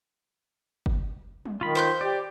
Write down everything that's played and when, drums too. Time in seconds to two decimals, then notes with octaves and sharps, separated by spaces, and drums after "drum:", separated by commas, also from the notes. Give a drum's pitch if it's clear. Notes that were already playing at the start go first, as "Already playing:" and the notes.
0.86 drum: kick F#1
1.45 drum: tom F#3
1.61 D#3 F4 B5
1.75 C5 C6 G6
2.01 G4 D5